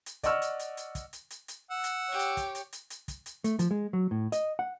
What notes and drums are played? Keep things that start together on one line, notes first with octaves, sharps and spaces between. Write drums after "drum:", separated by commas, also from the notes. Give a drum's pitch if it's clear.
drum: hi-hat
D5 D#5 F#5 C#6 E6 F6, drum: kick, hi-hat
drum: hi-hat
drum: hi-hat
drum: hi-hat
drum: kick, hi-hat
drum: hi-hat
drum: hi-hat
drum: hi-hat
F#5 E6
drum: hi-hat
G4 C#5
drum: hi-hat
drum: kick, hi-hat
drum: hi-hat
drum: hi-hat
drum: hi-hat
drum: kick, hi-hat
drum: hi-hat
A3, drum: hi-hat
F3, drum: hi-hat
G#3
F#3
A2
D#5, drum: hi-hat
F#5